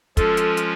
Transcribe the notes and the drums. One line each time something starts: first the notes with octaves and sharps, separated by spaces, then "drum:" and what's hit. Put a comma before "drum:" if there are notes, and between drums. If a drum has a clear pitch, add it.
F3 G#3 C#4 F4 A4, drum: kick, hi-hat
drum: hi-hat
drum: hi-hat